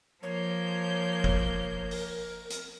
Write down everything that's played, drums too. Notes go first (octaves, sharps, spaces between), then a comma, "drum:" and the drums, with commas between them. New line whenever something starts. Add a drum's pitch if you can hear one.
F3 A#3 C#5 G6
drum: kick
A#4, drum: open hi-hat
drum: hi-hat